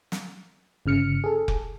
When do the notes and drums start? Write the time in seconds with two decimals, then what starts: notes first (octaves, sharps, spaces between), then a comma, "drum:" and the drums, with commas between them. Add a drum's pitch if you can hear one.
0.12 drum: snare
0.86 G1 C#3 F6 C#7
1.24 G#4 A4
1.48 drum: kick F1